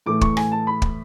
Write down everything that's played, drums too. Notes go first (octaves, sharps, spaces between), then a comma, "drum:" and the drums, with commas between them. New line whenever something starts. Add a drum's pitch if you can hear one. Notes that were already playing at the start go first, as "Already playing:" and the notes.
A2 E3 A3 D6
C#6, drum: kick
G#5, drum: rim click
A5
B5
drum: kick